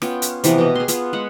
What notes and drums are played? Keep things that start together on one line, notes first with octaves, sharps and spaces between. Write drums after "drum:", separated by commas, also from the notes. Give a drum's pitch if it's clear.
B3 C#4 F4 G5, drum: rim click
drum: hi-hat
C3 E3 F3 B3, drum: hi-hat
B2 G4 D#5
G#4 C6
B3 F4, drum: hi-hat
G#3 F#5 B5